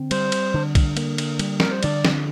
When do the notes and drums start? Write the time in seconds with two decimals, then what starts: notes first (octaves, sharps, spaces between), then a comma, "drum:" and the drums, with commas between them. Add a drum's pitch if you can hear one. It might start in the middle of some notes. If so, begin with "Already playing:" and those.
Already playing: D3 C4
0.11 G3 C5, drum: cymbal
0.32 drum: cymbal
0.54 D3
0.75 drum: kick B1, cymbal
0.97 A#3, drum: cymbal
1.18 drum: cymbal
1.39 G3, drum: cymbal
1.60 A#4, drum: snare
1.71 C5
1.83 D3 D5, drum: cymbal
2.05 drum: snare